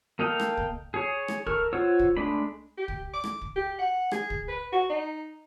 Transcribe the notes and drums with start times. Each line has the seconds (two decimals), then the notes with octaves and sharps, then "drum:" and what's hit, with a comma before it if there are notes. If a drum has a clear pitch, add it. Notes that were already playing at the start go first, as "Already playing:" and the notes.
0.19 A#3 A4 D#5 F5 G5
0.40 drum: rim click
0.57 drum: kick
0.94 G#4 C#5
1.28 drum: rim click
1.46 A4 A#4 C#6 F6, drum: kick
1.73 F4 C5 C#5 F#5 E6
1.99 drum: kick
2.17 G#3 A3 D4 B5
2.77 G4
2.88 drum: kick
3.13 D6
3.24 drum: rim click
3.41 drum: kick
3.56 G4
3.79 F#5
4.11 G#4, drum: rim click
4.30 drum: kick
4.48 B4
4.72 F#4
4.89 D#4